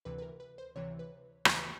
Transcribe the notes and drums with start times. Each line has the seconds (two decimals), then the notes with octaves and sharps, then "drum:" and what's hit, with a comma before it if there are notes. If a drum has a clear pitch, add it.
0.05 D2 C3 E3 B4
0.18 B4
0.22 A#4
0.40 B4
0.58 C5
0.75 D2 C3 E3 C#5
0.99 B4
1.45 D#2 C#3 E3 A3 B4, drum: rim click